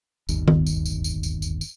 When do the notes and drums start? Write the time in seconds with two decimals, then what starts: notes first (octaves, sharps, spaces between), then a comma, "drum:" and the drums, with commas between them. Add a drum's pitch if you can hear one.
0.29 D1 G1 D#2, drum: tambourine
0.48 drum: tom D#3
0.67 drum: tambourine
0.85 drum: tambourine
1.04 drum: tambourine
1.23 drum: tambourine
1.42 drum: tambourine
1.61 drum: tambourine